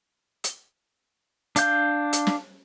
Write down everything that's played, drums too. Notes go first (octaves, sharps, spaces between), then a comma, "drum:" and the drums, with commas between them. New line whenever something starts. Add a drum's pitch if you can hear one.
drum: hi-hat
D4 F5 G6, drum: hi-hat
drum: hi-hat
drum: snare